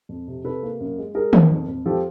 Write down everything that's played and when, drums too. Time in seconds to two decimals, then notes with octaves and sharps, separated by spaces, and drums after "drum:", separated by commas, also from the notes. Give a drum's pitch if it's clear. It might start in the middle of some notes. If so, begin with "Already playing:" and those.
0.09 F2
0.28 C3
0.45 C3 A4 B4
0.63 A#3
0.80 F#2
0.98 G#3
1.15 G#3 G#4 A#4
1.33 D#3, drum: tom D#3
1.50 F2
1.68 F2
1.86 F3 G4 A4